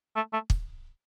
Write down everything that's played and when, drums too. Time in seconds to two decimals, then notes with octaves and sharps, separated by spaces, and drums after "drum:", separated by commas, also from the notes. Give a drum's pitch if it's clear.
0.16 A3
0.33 A3
0.50 drum: kick